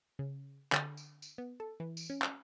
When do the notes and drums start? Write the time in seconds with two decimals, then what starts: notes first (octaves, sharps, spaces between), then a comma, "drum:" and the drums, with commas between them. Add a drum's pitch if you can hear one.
0.19 C#3
0.72 D3, drum: clap
0.97 drum: tambourine
1.22 drum: tambourine
1.38 B3
1.60 A4
1.80 E3
1.97 drum: tambourine
2.10 C#4
2.22 drum: clap